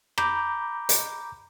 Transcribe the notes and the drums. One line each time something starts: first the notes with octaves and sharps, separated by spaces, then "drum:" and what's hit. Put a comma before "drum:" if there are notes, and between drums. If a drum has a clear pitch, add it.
A#5 B5 D6 G6, drum: rim click
drum: hi-hat